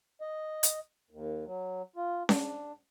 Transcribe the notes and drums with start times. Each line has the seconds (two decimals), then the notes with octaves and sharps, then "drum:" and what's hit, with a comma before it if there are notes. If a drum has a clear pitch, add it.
0.21 D#5
0.63 drum: hi-hat
1.11 D#2
1.45 F#3
1.96 F4
2.29 D4, drum: snare C#4